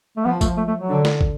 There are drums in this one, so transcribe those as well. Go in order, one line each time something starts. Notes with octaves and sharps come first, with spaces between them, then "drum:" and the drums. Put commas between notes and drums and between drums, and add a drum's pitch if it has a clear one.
A3
F3 B3
A3, drum: kick, tambourine
A3
A3
F#3
D3
drum: snare
drum: kick